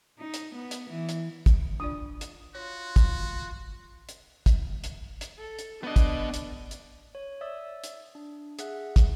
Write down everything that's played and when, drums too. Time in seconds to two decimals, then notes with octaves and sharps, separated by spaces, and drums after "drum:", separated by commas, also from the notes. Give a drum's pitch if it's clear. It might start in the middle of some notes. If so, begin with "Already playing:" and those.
0.19 D#4
0.34 drum: hi-hat
0.55 B3
0.71 drum: hi-hat
0.90 E3
1.09 drum: hi-hat
1.46 drum: kick, hi-hat
1.80 D4 F4 D5 D#6
2.21 drum: hi-hat
2.55 F4 F#4 C#5
2.96 drum: kick, hi-hat
4.09 drum: hi-hat
4.46 drum: kick, hi-hat
4.84 drum: hi-hat
5.21 drum: hi-hat
5.38 A4
5.59 drum: hi-hat
5.84 B3 D4 D#5
5.96 drum: kick, hi-hat
6.34 drum: hi-hat
6.71 drum: hi-hat
7.15 C#5
7.41 D5 E5 D#6 E6
7.84 drum: hi-hat
8.15 D4
8.59 G#4 E5 F#5 F#6, drum: hi-hat
8.96 drum: kick, hi-hat